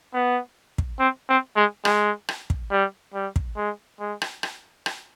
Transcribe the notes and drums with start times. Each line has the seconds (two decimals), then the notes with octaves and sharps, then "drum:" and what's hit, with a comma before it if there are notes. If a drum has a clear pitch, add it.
0.14 B3
0.78 drum: kick
0.99 C4
1.29 C4
1.56 G#3
1.85 G#3, drum: rim click
2.29 drum: rim click
2.50 drum: kick
2.71 G3
3.14 G3
3.36 drum: kick
3.57 G#3
4.00 G#3
4.22 drum: rim click
4.43 drum: rim click
4.86 drum: rim click